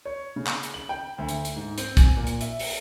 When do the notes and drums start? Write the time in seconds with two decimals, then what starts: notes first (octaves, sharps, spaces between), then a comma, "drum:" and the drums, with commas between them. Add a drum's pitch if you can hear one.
0.05 C#5
0.36 C#3
0.47 drum: clap
0.63 drum: hi-hat
0.74 F#7
0.89 G5
1.18 D2
1.29 drum: hi-hat
1.45 drum: hi-hat
1.56 G#2
1.78 C4, drum: hi-hat
1.97 G#5, drum: kick, hi-hat
2.17 A#2
2.27 drum: hi-hat
2.41 E5, drum: hi-hat
2.59 drum: open hi-hat